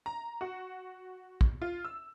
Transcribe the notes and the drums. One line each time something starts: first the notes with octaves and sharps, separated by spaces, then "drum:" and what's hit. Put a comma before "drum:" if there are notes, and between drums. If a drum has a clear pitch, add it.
A#5
F#4
drum: kick
F4
E6